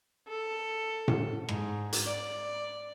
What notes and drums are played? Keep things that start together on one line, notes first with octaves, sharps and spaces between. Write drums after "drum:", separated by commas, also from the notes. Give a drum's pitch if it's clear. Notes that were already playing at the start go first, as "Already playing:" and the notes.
A4
drum: tom A2
G#2, drum: rim click
drum: hi-hat
D5